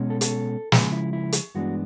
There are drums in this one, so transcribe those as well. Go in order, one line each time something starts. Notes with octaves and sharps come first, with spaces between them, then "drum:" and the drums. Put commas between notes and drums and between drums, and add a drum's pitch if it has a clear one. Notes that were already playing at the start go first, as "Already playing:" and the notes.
Already playing: B2 G#3 C#4
A4
A4, drum: hi-hat
C#3 F3 G#3 G#4, drum: snare
E4
E4
drum: hi-hat
G2 E3 G#3 B3 D4 F#4